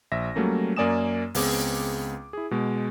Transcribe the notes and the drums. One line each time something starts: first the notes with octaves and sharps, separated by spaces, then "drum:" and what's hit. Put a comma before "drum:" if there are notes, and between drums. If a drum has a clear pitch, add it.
A#1 E5 A#6
F#3 G3 A3 A#3 C#4
F#2 A#3 D5 G#5 D#6 E7
C#2 B3 C4 G#4 D6, drum: open hi-hat
E4 G#4
B2 G#3